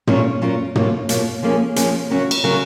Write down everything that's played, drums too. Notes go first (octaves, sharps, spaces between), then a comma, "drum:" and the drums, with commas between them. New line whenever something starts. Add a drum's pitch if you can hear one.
A#2 F#3 C#4 F4 A#4, drum: tom
A#2 F#3 C#4 F4 A#4
B2 F#3 A#3 F4, drum: tom
B2 F#3 A#3 F4, drum: hi-hat
F3 A#3 C#4 G#4
F3 A#3 C#4 G#4, drum: hi-hat
C#3 F#3 C#4 F#4 A#4
drum: cymbal
C#3 F#3 C#4 F#4 A#4